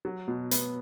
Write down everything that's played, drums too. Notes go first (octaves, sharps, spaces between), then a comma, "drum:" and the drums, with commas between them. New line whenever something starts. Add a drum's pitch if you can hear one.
F#3
B2
B3, drum: hi-hat